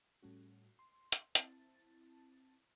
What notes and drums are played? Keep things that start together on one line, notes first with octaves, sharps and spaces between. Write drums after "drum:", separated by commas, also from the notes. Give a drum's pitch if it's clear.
A2 G3 A3 C#4 F#4
C6
drum: hi-hat
C4 E4 A5 A6, drum: hi-hat